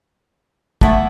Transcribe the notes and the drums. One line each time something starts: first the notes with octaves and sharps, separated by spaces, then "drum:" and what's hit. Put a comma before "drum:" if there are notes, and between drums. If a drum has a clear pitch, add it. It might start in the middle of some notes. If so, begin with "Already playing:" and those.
E3 A3 B3 E4, drum: kick